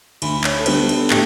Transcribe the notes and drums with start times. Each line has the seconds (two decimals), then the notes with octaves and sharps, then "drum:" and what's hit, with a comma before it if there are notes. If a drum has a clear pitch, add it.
0.22 D2 B5, drum: cymbal
0.44 C#5, drum: clap
0.59 A4
0.66 D3 G3 B3 B4, drum: cymbal
0.89 A4, drum: cymbal
1.10 A2 G4, drum: clap